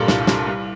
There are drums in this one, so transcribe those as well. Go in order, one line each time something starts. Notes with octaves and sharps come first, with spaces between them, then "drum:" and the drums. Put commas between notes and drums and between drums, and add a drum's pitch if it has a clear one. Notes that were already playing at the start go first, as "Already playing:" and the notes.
Already playing: G2 A#2 G3 G4 A4 A#4
C2, drum: snare
C2, drum: snare
G3